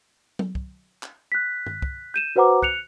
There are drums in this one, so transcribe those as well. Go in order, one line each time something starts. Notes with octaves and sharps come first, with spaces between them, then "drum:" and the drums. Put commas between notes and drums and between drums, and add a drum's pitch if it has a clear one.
drum: tom F#3
drum: kick
drum: clap
F#6 B6
drum: tom G2
drum: kick
G6 D#7 E7
F#4 B4 C5 F#5 A#5 D6
F#6 C#7 F7, drum: kick